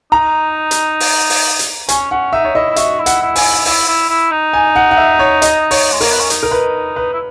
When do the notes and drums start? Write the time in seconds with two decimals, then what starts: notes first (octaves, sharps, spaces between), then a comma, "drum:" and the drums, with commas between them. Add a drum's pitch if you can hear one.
0.12 D#4 A#5
0.71 drum: hi-hat
1.00 drum: open hi-hat
1.30 drum: open hi-hat
1.59 drum: hi-hat
1.89 C#4 G#5, drum: hi-hat
2.11 C#4 F#5
2.33 D#4 E5
2.45 C#5
2.55 E4 D#5
2.70 E4
2.76 F#4 E5, drum: hi-hat
2.99 E4
3.06 F#5, drum: hi-hat
3.21 E4
3.35 G#5, drum: open hi-hat
3.43 E4
3.65 E4, drum: open hi-hat
3.87 E4
4.09 E4
4.31 D#4
4.53 G#5
4.76 F#5
4.91 F#5
4.97 E5
5.19 C#5
5.42 D#5, drum: hi-hat
5.71 C#5, drum: open hi-hat
5.92 G#3
6.01 A#3 A#4, drum: open hi-hat
6.11 B3
6.20 C#4
6.30 D#4, drum: hi-hat
6.43 A#4
6.51 B4
6.96 B4
7.13 E4